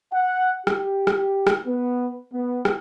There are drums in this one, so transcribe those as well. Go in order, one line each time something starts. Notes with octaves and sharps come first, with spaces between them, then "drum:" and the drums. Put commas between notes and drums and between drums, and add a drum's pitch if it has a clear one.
F#5
G4, drum: rim click
drum: rim click
drum: rim click
B3
B3
drum: rim click